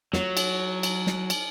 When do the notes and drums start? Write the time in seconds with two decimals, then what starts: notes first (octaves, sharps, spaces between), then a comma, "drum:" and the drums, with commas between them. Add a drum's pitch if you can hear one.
0.13 F#3 F4 C#5, drum: snare
0.37 drum: cymbal
0.83 drum: cymbal
1.07 drum: snare
1.30 drum: cymbal